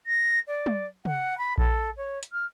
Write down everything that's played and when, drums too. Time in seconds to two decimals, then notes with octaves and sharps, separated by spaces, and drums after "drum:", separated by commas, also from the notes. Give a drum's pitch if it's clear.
0.06 A#6
0.48 D5
0.66 drum: tom
1.05 F#5, drum: tom
1.38 B5
1.58 A4, drum: kick A#1
1.97 C#5
2.23 drum: hi-hat
2.32 F6